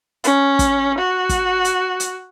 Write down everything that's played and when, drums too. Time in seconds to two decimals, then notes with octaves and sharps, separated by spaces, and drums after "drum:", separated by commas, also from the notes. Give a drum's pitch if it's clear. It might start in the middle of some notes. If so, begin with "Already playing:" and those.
0.24 C#4, drum: hi-hat
0.59 drum: kick, hi-hat
0.98 F#4
1.29 drum: kick, hi-hat
1.65 drum: hi-hat
2.00 drum: hi-hat